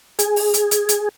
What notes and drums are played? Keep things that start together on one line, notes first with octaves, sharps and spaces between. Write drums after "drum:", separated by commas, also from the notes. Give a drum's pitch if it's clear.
G#4, drum: hi-hat
drum: open hi-hat
drum: hi-hat
drum: hi-hat
drum: hi-hat